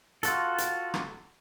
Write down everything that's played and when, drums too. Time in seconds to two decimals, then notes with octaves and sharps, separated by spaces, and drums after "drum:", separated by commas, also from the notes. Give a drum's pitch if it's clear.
0.23 F4 F#4 A4, drum: hi-hat
0.58 drum: hi-hat
0.94 drum: rim click